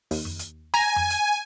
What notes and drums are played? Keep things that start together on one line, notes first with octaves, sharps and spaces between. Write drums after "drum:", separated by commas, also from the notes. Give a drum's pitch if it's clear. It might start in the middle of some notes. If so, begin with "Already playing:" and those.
D#2, drum: open hi-hat
drum: tom F2
drum: hi-hat
G#5 A#5 A#6
drum: tom F2
drum: hi-hat